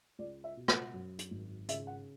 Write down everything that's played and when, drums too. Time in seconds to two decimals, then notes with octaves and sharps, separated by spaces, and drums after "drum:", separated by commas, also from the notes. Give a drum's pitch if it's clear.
0.19 C#2 D5
0.44 E5
0.57 B2
0.68 F#5, drum: rim click
0.94 F#2
1.19 drum: hi-hat
1.31 G#1
1.68 C#3 E5, drum: hi-hat
1.87 F#5